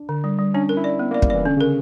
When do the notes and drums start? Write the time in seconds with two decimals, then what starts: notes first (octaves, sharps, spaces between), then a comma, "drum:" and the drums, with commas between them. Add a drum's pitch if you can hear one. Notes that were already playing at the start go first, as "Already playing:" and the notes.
Already playing: D4
0.09 D3
0.24 G3
0.39 G3
0.54 C#4 D4
0.69 A#4
0.77 E4
0.84 D5
0.99 B3
1.11 A#3
1.14 D5
1.22 G3, drum: kick
1.30 E3 D5
1.45 D3 C#4
1.57 C#3
1.61 A#4